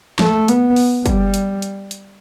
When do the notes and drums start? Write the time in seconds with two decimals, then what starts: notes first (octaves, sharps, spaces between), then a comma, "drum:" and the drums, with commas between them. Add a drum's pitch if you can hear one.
0.19 A3, drum: snare
0.48 B3, drum: hi-hat
0.76 drum: open hi-hat
1.06 G3, drum: kick, hi-hat
1.34 drum: hi-hat
1.62 drum: hi-hat
1.91 drum: hi-hat